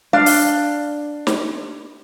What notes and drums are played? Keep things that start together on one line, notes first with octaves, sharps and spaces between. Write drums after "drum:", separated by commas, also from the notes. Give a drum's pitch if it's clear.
D4 F5
drum: open hi-hat
drum: snare